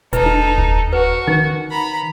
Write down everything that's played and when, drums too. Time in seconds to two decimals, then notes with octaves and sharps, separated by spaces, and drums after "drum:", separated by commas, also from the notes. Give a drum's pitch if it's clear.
0.13 E1 D#4 E4 A4 B4, drum: hi-hat
0.26 drum: tom D4
0.58 drum: kick D#1
0.93 F#4 B4
1.27 D#3 D#4
1.71 A#5 B5